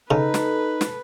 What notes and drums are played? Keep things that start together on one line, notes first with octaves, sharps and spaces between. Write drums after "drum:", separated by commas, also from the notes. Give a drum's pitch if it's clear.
C#3 D#4 A4 B4
drum: snare
drum: snare